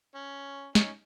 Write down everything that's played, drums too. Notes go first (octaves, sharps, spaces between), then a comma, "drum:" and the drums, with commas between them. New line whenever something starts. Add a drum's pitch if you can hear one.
C#4
C#4 D#4, drum: snare